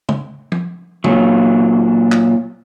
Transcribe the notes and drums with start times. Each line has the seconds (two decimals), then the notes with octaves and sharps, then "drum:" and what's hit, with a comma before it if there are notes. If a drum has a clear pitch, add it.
0.09 drum: tom
0.52 drum: tom F3
1.04 A#2 F#3, drum: tom
2.12 drum: clap